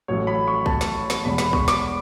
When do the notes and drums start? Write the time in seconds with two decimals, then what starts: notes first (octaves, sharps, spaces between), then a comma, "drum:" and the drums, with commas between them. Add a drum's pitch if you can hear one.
0.08 A1 A2 F#3 C#5
0.27 B5
0.48 C#6
0.66 A5, drum: kick A#1
0.81 drum: snare
1.10 drum: snare
1.25 E1 E2 B2 B5
1.38 B5, drum: snare
1.53 C#6, drum: kick A#1
1.68 D6, drum: snare
1.83 B5